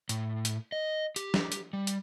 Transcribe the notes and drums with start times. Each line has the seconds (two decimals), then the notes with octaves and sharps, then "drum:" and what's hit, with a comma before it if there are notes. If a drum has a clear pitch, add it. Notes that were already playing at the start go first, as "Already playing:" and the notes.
0.09 A2, drum: hi-hat
0.45 drum: hi-hat
0.72 D#5
1.16 G4, drum: hi-hat
1.34 drum: snare
1.52 drum: hi-hat
1.73 G3
1.87 drum: hi-hat